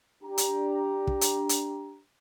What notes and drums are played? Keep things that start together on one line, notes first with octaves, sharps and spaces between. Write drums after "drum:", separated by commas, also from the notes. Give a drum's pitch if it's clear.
D4 G4 A#5
drum: hi-hat
drum: kick
drum: hi-hat
drum: hi-hat